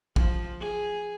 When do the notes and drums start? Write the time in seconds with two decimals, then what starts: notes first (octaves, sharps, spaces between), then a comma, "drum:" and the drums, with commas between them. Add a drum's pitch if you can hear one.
0.16 F3, drum: kick
0.60 G#4